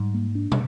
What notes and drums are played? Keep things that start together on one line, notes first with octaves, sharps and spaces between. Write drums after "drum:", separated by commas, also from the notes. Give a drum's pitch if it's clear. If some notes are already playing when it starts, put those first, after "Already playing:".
Already playing: G#2 G3
A#3
D4
drum: tom